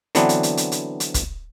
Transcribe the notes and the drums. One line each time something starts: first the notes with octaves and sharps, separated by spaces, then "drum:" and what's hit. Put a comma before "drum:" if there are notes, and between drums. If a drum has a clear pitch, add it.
D3 E3 F#3 B3 C4 D4, drum: hi-hat
drum: hi-hat
drum: hi-hat
drum: hi-hat
drum: hi-hat
drum: hi-hat
drum: kick, hi-hat